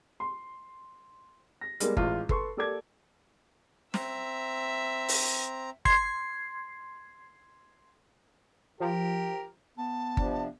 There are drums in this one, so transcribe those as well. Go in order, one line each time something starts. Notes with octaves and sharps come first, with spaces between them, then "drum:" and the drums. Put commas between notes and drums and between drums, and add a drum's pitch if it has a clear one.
C6
A#6
G3 G#3 A#3 B3 A#4, drum: hi-hat
A1 G#3 F4, drum: kick G1
A4 B4 C6 C#6, drum: kick G1
A#3 G4 A4 D5 D6 G#6
C4 E5 A#5, drum: snare
drum: open hi-hat
C6 G#6 C7, drum: kick G1
F3 G4 A#4
B3 A5
C3 F3 D4, drum: kick G1